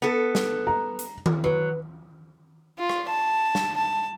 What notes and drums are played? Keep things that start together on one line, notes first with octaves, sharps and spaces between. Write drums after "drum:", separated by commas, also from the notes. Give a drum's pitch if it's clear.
B3 A4
drum: snare
A#5
drum: hi-hat
drum: tom D#3
F#3 B4
F4
drum: rim click
A5
drum: snare
A5